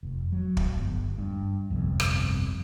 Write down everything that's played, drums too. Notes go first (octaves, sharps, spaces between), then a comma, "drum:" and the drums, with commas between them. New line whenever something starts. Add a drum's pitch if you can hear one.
F1
F#3
drum: kick
G1
G2
G1 C2 F2
drum: rim click